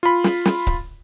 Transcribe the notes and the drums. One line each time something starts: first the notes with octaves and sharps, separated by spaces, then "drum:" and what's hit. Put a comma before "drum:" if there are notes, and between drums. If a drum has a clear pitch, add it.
F4 B5
drum: snare
drum: snare
drum: kick C#1